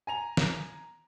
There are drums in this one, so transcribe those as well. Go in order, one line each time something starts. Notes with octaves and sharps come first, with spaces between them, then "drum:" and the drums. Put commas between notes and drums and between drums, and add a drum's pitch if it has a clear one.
G#5 A#5 F7
drum: snare